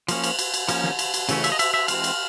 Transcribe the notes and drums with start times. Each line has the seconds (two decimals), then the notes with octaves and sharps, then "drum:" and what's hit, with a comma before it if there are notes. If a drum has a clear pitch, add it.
0.08 F3 A#3 C#4, drum: cymbal
0.24 drum: cymbal
0.39 drum: cymbal
0.54 drum: cymbal
0.69 F3 A#3 C#4, drum: cymbal
0.84 drum: snare
0.99 drum: cymbal
1.14 drum: cymbal
1.29 C#3 E3 A3 C#4, drum: cymbal
1.44 E5, drum: cymbal
1.52 D#5
1.59 E5, drum: cymbal
1.74 E5
1.88 E3 G#3 C4 F5, drum: cymbal
2.04 drum: cymbal